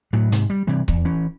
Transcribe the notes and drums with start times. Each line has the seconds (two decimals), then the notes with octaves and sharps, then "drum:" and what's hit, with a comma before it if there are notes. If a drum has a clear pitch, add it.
0.13 A2 F#3
0.32 G#2 C3, drum: hi-hat
0.50 G3
0.67 C3 E3 G3
0.88 E2, drum: kick C#1
1.05 E3 C#4